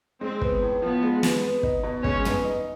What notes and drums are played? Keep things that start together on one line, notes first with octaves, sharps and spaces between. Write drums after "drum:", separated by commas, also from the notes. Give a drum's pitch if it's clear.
G#3 C4
B3, drum: kick
A2
F3 B3
G#3
B3, drum: snare
B3
D#4, drum: kick
B2
G#3 C#4, drum: kick
B3, drum: tom
D#4